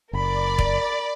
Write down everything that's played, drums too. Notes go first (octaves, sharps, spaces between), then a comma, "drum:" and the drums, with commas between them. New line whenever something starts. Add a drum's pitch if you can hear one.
F#1 A#4 D5 B5
drum: kick